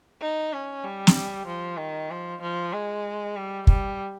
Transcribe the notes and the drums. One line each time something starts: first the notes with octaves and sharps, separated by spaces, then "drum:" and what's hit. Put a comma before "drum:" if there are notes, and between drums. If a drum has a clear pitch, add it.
D#4
C#4
G3
drum: snare
F3
D#3
F3
F3
G#3
G3
G3, drum: kick